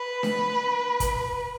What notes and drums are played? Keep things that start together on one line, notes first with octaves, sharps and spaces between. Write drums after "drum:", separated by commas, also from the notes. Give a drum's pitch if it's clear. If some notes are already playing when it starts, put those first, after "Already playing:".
Already playing: B4
drum: snare D4
drum: kick, hi-hat